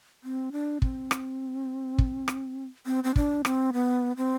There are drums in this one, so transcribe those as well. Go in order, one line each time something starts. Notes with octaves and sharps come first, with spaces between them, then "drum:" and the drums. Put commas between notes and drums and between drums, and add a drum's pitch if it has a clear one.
C4
D4
C4, drum: kick
drum: rim click
drum: kick
drum: rim click
C4
C4
D4, drum: kick
C4, drum: rim click
B3
C4